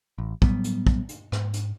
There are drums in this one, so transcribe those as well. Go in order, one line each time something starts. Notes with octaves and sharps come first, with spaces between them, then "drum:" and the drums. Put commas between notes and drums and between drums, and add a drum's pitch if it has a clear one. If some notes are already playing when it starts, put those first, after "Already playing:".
A1
A2 F#3 G3 B3, drum: kick
drum: hi-hat
drum: kick
drum: hi-hat
G#2, drum: rim click
drum: hi-hat